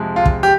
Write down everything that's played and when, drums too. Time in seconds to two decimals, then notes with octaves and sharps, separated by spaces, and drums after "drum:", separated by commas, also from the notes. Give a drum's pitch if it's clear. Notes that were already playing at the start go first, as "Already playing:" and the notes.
Already playing: F2 C3 F3 G#3
0.16 F4
0.26 drum: kick
0.43 G4